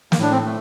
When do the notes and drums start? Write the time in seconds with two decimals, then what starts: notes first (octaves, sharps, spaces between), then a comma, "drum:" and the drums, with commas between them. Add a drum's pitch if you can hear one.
0.12 A#3, drum: snare
0.18 A2 D4
0.32 C4
0.45 A3